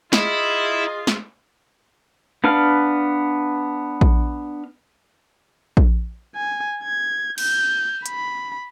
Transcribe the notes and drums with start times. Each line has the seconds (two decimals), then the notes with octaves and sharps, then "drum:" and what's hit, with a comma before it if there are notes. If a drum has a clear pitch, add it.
0.13 E4 F4 G#4 D#5, drum: snare
1.07 drum: snare
2.44 B3 D4 B4 F5 F6
4.01 drum: kick A#1
5.77 drum: kick A#1
6.35 G#5
6.83 G#6
7.38 G6, drum: cymbal
8.06 B5, drum: hi-hat